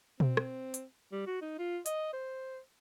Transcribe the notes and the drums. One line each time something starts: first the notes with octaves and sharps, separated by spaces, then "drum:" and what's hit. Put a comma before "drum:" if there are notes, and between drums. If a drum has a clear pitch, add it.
C4, drum: tom B2
drum: rim click
drum: hi-hat
G3
F#4
D#4
F4
D#5, drum: hi-hat
C5